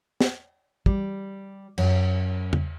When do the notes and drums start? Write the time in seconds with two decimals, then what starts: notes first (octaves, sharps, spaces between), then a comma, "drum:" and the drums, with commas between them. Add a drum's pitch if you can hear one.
0.21 drum: snare
0.86 G3, drum: kick
1.78 F#2, drum: cymbal
2.53 drum: tom